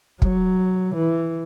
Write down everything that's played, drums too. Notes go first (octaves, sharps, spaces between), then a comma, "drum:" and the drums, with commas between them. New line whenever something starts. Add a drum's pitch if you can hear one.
F#3, drum: kick
E3